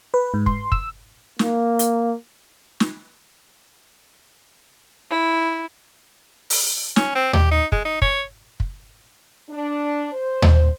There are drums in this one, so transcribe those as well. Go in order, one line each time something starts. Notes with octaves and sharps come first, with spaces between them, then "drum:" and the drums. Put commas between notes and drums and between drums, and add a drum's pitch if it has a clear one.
B4
G#2
C6, drum: kick
E6, drum: kick
A#3, drum: snare
drum: hi-hat
drum: snare
E4
drum: open hi-hat
C#4, drum: snare
C4
G4, drum: tom D#2
D#4
G#3, drum: kick
D#4
C#5, drum: kick
drum: kick
D4
C5
drum: tom D#2